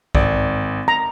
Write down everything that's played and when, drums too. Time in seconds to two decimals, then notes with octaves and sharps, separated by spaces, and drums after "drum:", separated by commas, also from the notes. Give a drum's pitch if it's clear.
0.15 G#1 D5, drum: kick B1
0.88 A#5